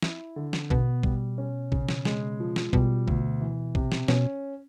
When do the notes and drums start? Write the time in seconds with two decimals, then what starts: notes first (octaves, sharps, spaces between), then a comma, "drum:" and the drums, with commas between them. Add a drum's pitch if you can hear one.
0.02 E4, drum: snare
0.36 D3
0.53 drum: snare
0.70 B2 B3, drum: kick A#1
1.03 G3, drum: kick A#1
1.38 C#4
1.72 C#3, drum: kick A#1
1.89 drum: snare
2.05 G#3, drum: snare
2.40 F3
2.56 drum: snare
2.73 B2 G3, drum: kick A#1
3.08 D2, drum: kick A#1
3.41 E3
3.75 C3, drum: kick A#1
3.92 drum: snare
4.08 B2 C#4, drum: snare